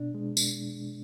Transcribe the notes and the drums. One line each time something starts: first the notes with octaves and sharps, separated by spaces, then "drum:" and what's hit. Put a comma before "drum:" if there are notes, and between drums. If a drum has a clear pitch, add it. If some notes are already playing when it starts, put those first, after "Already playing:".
Already playing: B2 D4
G#3
drum: tambourine